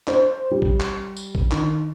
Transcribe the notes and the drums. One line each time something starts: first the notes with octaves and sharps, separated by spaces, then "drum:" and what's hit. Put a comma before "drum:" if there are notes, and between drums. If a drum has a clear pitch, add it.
C5, drum: clap
G3
drum: kick A1
drum: clap
drum: tambourine
drum: kick A1
D#3, drum: clap